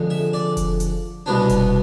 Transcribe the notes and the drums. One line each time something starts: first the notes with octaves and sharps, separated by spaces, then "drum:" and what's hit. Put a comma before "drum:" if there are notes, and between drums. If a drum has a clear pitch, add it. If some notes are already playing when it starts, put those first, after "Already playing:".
Already playing: F2 D3 G#3
E5
D5
drum: kick F1, hi-hat
drum: hi-hat
C2 B2 B3 D4
drum: kick F1, hi-hat